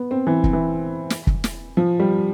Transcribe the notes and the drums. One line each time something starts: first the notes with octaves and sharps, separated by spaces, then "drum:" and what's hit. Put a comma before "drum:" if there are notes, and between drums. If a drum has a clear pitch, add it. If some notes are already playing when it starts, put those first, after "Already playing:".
Already playing: B3
C4
E3
drum: kick
E3
drum: snare
drum: kick
drum: snare
F3
G3